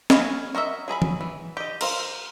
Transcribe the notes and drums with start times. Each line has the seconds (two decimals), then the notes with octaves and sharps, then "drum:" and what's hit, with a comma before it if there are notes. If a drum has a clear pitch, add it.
0.10 C#5 D#5 F5 G#5 B5, drum: snare
0.55 F#4 A#4 D#5 E5
0.88 F#3 G#4 A#5 B5
1.02 drum: tom E3
1.21 E3
1.57 G4 D#5
1.81 A#4 C5 F5, drum: cymbal